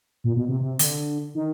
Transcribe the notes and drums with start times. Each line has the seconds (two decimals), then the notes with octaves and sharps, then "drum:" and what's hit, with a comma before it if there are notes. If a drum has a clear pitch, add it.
0.24 A#2
0.36 B2
0.48 C3
0.60 C3
0.79 D3, drum: hi-hat
1.35 D#3